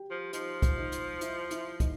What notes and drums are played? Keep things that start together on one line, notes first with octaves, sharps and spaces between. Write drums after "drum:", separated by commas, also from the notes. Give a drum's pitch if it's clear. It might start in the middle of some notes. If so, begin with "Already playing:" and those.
Already playing: F#4 G4 G5
F3
F3 D#4 D#5, drum: hi-hat
drum: kick, hi-hat
D#4 D#5
drum: hi-hat
E4 E5, drum: hi-hat
E4 E5, drum: hi-hat
D#4 D#5, drum: kick, hi-hat